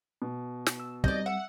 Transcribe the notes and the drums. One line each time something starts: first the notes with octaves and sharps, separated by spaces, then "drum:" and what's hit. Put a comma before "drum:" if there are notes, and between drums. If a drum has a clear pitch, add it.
B2
drum: snare
E6
G3 C4 D#4 D5 D#5, drum: kick
E5 F#5